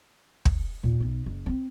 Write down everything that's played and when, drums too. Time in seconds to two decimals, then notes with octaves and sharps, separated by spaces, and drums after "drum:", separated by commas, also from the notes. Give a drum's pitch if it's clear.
0.45 drum: kick
0.83 D#2 A#2
1.00 B1 D#4
1.26 F#1
1.46 B3 C4